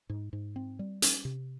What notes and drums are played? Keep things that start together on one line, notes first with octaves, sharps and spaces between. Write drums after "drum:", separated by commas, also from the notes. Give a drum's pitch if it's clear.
G#2
G#2
C4
G3
C#4, drum: hi-hat
C3